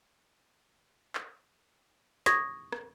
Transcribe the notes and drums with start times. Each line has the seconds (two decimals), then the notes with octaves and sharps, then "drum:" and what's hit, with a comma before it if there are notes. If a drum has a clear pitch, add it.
1.15 drum: clap
2.26 C#6 D#6 G#6 A#6, drum: snare
2.72 drum: rim click